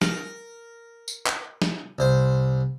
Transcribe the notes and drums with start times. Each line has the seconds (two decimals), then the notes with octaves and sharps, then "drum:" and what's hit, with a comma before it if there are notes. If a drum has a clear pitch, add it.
0.02 A#4, drum: snare
1.08 drum: tambourine
1.26 drum: clap
1.62 drum: snare
1.99 C2 C5